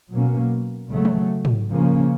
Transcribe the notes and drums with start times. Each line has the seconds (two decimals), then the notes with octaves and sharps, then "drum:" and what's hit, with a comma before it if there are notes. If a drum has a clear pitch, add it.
0.12 B2 F#3 A#3 C#4
0.92 C#3 F#3 A3
1.05 drum: tom E3
1.45 drum: tom
1.72 C#3 F3 A#3 C#4